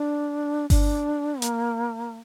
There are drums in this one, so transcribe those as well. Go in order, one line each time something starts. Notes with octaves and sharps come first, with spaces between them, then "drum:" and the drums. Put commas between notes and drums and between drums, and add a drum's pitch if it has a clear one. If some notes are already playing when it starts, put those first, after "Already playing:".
Already playing: D4
D4, drum: kick G1, open hi-hat
A#3, drum: hi-hat